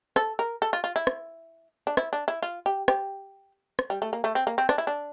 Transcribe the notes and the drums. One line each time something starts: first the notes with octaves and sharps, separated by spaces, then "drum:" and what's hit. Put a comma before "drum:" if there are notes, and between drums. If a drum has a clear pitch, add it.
A4, drum: rim click
A#4
A4
F4
F4
E4
drum: rim click
D4
E4, drum: rim click
D4
E4
F4
G4
G4, drum: rim click
drum: rim click
G3
A3
A#3
A3
C4
A#3
C4
D4, drum: rim click
E4
D4